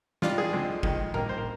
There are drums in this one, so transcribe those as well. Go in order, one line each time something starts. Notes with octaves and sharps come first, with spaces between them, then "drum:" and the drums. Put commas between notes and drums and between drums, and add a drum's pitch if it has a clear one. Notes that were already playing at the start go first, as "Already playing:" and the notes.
G#2 G3 D4 F4, drum: snare
G#4
D3 F3 G#3 C4
F2 D#3 G#3, drum: kick F#1
G2 D#3 A#3 A#4, drum: tom A2
C5
A#4